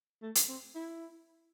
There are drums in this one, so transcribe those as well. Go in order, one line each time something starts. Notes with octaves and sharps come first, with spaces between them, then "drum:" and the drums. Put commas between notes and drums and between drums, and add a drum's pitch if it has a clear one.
A3
drum: hi-hat
C4
E4